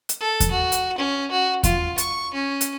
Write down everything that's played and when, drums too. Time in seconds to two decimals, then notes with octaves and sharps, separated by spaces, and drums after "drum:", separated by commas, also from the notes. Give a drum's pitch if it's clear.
0.09 drum: hi-hat
0.20 A4
0.40 drum: kick E2, hi-hat
0.51 F#4
0.72 drum: hi-hat
0.98 C#4
1.31 F#4
1.63 F4, drum: kick E2, hi-hat
1.98 C#6, drum: hi-hat
2.34 C#4
2.61 drum: hi-hat